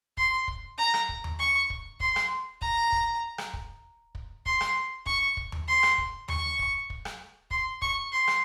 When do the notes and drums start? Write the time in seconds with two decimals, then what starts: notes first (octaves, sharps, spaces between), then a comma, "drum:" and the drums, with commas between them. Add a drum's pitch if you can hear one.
0.17 C6, drum: kick
0.48 drum: kick
0.78 A#5
0.94 drum: rim click
1.09 drum: kick
1.24 drum: tom D#2
1.39 C#6
1.70 drum: kick
2.00 C6, drum: kick
2.16 drum: rim click
2.62 A#5, drum: kick
2.92 drum: kick
3.38 drum: rim click
3.54 drum: kick
4.15 drum: kick
4.46 C6, drum: kick
4.61 drum: rim click
5.06 C#6, drum: kick
5.37 drum: kick
5.52 drum: tom D#2
5.68 C6
5.83 drum: rim click
5.98 drum: kick
6.28 C#6, drum: tom D#2
6.59 drum: kick
6.90 drum: kick
7.05 drum: rim click
7.51 C6, drum: kick
7.82 C#6, drum: kick
8.12 C6
8.27 drum: rim click